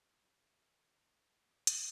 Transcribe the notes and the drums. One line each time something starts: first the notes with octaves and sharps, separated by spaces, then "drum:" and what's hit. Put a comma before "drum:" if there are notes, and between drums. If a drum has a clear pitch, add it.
F#4 A#4 D5 F5
F#5
G5
G#5
drum: hi-hat